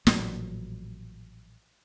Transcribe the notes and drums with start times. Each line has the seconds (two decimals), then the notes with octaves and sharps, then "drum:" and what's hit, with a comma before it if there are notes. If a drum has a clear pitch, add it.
0.07 A1 A#2 F3 F#3, drum: snare